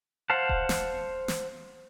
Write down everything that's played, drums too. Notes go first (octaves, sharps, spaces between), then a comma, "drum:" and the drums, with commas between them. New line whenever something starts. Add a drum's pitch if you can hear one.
C5 F5 F#5 A5
drum: kick D#1
drum: snare
drum: snare